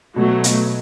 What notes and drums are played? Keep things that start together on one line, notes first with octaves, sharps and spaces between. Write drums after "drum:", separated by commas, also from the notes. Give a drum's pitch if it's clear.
B2 F#3 A3
B2, drum: hi-hat